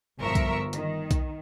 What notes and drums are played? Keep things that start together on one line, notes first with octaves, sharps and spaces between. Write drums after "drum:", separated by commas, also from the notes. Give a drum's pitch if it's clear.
G1 F3 A#4 E5 C#6
drum: kick B1, hi-hat
D#3, drum: hi-hat
drum: kick B1, hi-hat